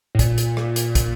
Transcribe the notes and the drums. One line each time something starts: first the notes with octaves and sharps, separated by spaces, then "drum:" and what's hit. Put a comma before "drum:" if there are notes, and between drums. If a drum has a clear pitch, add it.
A2
A#2, drum: kick, hi-hat
drum: hi-hat
drum: rim click
drum: hi-hat
drum: kick, hi-hat